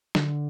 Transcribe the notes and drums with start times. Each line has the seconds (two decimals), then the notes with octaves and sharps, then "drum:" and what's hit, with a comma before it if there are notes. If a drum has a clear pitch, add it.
0.15 D3, drum: snare